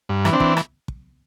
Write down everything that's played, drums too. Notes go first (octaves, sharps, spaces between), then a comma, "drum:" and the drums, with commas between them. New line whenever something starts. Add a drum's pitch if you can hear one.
G2
E3, drum: rim click
C4 D4
E3, drum: kick
drum: rim click
drum: kick